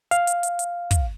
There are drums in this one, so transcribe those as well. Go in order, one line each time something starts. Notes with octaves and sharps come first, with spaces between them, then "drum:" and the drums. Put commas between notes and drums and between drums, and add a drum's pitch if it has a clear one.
F5, drum: hi-hat
drum: hi-hat
drum: hi-hat
drum: hi-hat
drum: kick, hi-hat